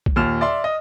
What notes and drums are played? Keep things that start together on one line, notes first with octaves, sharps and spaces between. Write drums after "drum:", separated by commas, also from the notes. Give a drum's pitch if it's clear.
drum: kick
D#2 A#2 F6 E7
D5 E5 C6
D#5